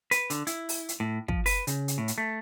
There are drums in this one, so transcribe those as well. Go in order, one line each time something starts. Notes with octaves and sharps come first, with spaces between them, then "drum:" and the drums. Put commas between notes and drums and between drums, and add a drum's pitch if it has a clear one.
B4, drum: hi-hat
D3, drum: hi-hat
E4, drum: hi-hat
drum: open hi-hat
drum: hi-hat
A2
F3, drum: kick
B4, drum: open hi-hat
C#3, drum: hi-hat
drum: hi-hat
A2
drum: hi-hat
A3